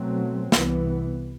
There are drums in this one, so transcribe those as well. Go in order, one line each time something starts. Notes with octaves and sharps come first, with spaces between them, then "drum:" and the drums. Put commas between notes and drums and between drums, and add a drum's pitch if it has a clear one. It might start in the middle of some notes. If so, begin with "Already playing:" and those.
Already playing: B2 F#3 A3 C4
C2 C3 E3 B3, drum: snare